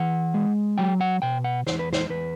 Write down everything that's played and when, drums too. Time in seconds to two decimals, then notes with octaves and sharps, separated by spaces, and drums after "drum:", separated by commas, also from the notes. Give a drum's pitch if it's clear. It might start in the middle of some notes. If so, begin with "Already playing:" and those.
Already playing: E3 F#5
0.34 G#3
0.78 F#3 G5
1.01 F#5
1.22 B2 G5
1.44 F#5
1.66 E2 C5, drum: snare
1.79 B4
1.93 C5, drum: snare
2.09 E2 B4